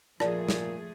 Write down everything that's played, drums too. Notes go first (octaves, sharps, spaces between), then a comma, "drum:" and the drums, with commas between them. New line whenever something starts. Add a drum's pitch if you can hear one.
A#2 F3 A3 G#4 D5 A5, drum: rim click
drum: snare